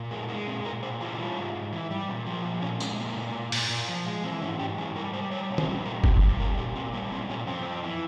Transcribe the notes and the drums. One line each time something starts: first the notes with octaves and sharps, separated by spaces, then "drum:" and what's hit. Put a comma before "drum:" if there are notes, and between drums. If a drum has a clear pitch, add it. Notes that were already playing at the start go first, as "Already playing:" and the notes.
Already playing: A#2
G#3 A#3
G#3 A#3
A#2 C4
A#2 A#4
A#2 C5
E3 F4
G3
G#2
G#2
E3
G3
A#2
F3
A#2
A#2 C#4
G#3 C4, drum: tambourine
A#2 A#3
A#2
A#2
A#2, drum: open hi-hat
A#2
F3
G#3
E3 C4
G#2 C#4
G#2 G4
E3 G#4
G3 A#4
G3 C5
G3 C#5
A#2
C5, drum: tom
G3
A#2 A#4
A#2 G4, drum: kick F#1
G3 G4
A#2 A#4
A#2 G4
A#2 C4
G3 A#3
A#2 C4
A#2 C#4
F2 C4
F2
E3